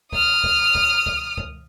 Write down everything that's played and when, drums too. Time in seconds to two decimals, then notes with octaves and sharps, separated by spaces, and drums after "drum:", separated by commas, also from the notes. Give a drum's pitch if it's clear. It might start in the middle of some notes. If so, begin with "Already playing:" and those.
0.12 D#6 F6, drum: kick C#2
0.44 drum: kick C#2
0.75 drum: kick C#2
1.06 drum: kick C#2
1.37 drum: kick C#2